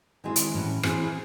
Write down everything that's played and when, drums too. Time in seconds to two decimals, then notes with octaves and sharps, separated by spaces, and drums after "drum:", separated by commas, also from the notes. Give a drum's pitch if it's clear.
0.24 D#3 G#3 C4 E4 G#4
0.36 drum: hi-hat
0.54 A2 E3 A3 C#4
0.83 E3 C4 E4 G#4, drum: rim click